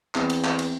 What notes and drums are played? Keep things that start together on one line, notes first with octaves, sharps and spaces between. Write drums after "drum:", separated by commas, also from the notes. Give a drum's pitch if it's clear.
E2 C4, drum: clap
drum: cymbal
drum: clap
drum: cymbal